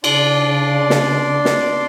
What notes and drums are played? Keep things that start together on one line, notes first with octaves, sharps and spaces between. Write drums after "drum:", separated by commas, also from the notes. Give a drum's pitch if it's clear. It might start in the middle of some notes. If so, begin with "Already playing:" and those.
C#3 D4 D5 C6, drum: cymbal
drum: snare
drum: snare